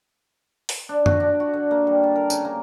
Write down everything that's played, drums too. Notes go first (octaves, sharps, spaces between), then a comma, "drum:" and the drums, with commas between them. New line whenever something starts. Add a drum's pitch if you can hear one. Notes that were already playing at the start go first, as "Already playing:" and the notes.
drum: open hi-hat
D4
F#4, drum: tom F#2
D4
F#4
D3
A#3
G3
A5
A#4
C#3, drum: tambourine
A#3